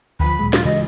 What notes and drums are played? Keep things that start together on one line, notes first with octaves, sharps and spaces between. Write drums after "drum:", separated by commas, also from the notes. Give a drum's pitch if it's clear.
D2 F3 B5
A#2 F#3 G#3
F4, drum: snare
C#3 E3 G#3 D#5